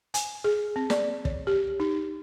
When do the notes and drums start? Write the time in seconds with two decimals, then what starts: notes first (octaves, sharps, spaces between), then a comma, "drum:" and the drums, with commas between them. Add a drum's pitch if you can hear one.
0.14 G#5, drum: hi-hat
0.44 G#4
0.76 C4
0.90 D5, drum: snare
1.25 C#5, drum: kick
1.47 G4
1.80 D#4